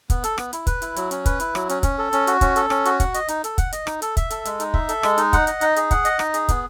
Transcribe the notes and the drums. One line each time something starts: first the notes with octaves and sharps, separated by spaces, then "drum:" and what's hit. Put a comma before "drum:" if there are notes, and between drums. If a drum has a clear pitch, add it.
B3, drum: kick, hi-hat
A4, drum: hi-hat
B3, drum: rim click
E4, drum: hi-hat
B4, drum: kick, hi-hat
E4, drum: hi-hat
F#3, drum: hi-hat
C#4, drum: hi-hat
B4, drum: kick, hi-hat
E4, drum: hi-hat
F#3, drum: rim click
C#4, drum: hi-hat
C#4, drum: kick, hi-hat
A4
C#4, drum: hi-hat
F#4, drum: hi-hat
C#4, drum: kick, hi-hat
A4, drum: hi-hat
C#4, drum: rim click
F#4, drum: hi-hat
F#5, drum: kick, hi-hat
D#5, drum: hi-hat
D#4, drum: hi-hat
A4, drum: hi-hat
F#5, drum: kick, hi-hat
D#5, drum: hi-hat
D#4, drum: rim click
A4, drum: hi-hat
E5, drum: kick, hi-hat
A4, drum: hi-hat
G#3, drum: hi-hat
D#4, drum: hi-hat
E5, drum: kick
A4, drum: hi-hat
G#3, drum: rim click
D#4, drum: hi-hat
F#5, drum: kick, hi-hat
D#5, drum: hi-hat
D#4, drum: hi-hat
G#4, drum: hi-hat
F#5, drum: kick, hi-hat
D#5, drum: hi-hat
D#4, drum: rim click
G#4, drum: hi-hat
B3, drum: kick, hi-hat